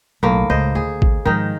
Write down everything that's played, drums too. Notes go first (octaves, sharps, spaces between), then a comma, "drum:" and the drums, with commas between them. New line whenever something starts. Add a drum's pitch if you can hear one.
B1 A2 A#3
C#2 C5 D#5
D2 G#4
drum: kick
G#2 D#3 F3 D#4